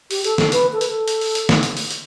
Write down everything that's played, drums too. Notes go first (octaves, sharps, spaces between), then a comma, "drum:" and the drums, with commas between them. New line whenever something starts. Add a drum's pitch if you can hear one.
G4, drum: open hi-hat
A4, drum: hi-hat
A4, drum: snare
B4, drum: hi-hat
A4
B4, drum: hi-hat
A4
drum: hi-hat
drum: open hi-hat
drum: hi-hat
drum: snare
drum: hi-hat
drum: open hi-hat
drum: hi-hat